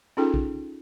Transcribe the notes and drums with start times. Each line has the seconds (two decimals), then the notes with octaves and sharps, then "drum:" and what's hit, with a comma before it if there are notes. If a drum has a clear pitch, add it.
0.17 C#4 D#4 F4 G#4 A4 G5
0.34 drum: kick